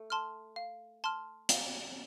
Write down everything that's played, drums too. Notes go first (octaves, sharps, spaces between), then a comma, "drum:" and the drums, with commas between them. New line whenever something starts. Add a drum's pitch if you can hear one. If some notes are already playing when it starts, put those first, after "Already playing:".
Already playing: A3
A5 C6 F6
F5
A5 C6 F6
F5, drum: hi-hat